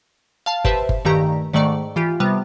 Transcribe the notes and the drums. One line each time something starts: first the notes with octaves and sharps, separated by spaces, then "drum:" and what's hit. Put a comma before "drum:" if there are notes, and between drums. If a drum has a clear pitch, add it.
F5 A5
G4 B4 C5 E5 A5, drum: kick G1
drum: kick G1
G2 A#2 D#3 A3 G4 A#5
G#2 D#3 A3 D5 C#6
E3 F4 G4
C3 G3 B3